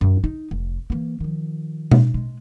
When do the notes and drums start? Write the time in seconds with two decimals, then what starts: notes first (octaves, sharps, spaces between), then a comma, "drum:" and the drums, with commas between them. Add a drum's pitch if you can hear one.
0.01 F#2
0.24 D#4
0.51 F1
0.90 E3 A#3
1.20 D#3 F3
1.91 drum: tom B2
2.14 G#3